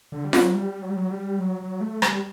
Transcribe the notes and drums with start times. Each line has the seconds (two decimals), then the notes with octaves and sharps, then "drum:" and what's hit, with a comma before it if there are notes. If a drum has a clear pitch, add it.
0.12 D3
0.24 G3
0.33 F#3, drum: snare F4
0.54 G3
0.82 F#3
0.89 G3
0.96 F#3
1.11 G3
1.39 F#3
1.60 F#3
1.81 A3
2.02 G3, drum: rim click